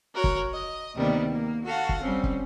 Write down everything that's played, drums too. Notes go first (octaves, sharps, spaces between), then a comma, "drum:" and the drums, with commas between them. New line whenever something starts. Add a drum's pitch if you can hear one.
F#4 A#4 C#5
drum: kick
D#5
D2 C3 D#3 G3 A#3 B3
A#3
F#4 A4 F5 F#5
drum: kick
G3 C4 C#4
drum: kick